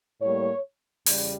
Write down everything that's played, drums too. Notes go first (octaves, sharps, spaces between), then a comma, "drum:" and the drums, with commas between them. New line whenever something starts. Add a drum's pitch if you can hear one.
A2 G3 A#3 C#5
E2 C#3 G3, drum: open hi-hat